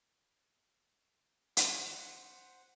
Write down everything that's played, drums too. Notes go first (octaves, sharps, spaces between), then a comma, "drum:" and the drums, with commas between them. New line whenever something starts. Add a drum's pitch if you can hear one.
C5 F#5, drum: hi-hat